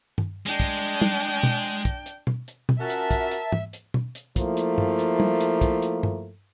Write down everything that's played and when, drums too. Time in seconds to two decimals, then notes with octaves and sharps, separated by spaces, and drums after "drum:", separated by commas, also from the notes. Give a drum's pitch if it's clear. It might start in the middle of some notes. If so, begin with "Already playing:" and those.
0.18 drum: tom G2
0.47 G#3 D4 G5
0.60 drum: kick, hi-hat
0.81 drum: hi-hat
1.02 drum: tom
1.22 drum: hi-hat
1.43 drum: tom
1.64 drum: hi-hat
1.85 drum: kick, hi-hat
2.06 drum: hi-hat
2.27 drum: tom
2.48 drum: hi-hat
2.69 drum: tom
2.80 C#4 F4 F#4 A#4 E5 A5
2.90 drum: hi-hat
3.11 drum: kick, hi-hat
3.31 drum: hi-hat
3.52 drum: tom G#2
3.73 drum: hi-hat
3.94 drum: tom
4.15 drum: hi-hat
4.36 F3 A3 A#3 E4, drum: kick, hi-hat
4.57 drum: hi-hat
4.78 drum: tom G2
4.99 drum: hi-hat
5.20 drum: tom
5.41 drum: hi-hat
5.61 drum: kick, hi-hat
5.82 drum: hi-hat
6.03 drum: tom G2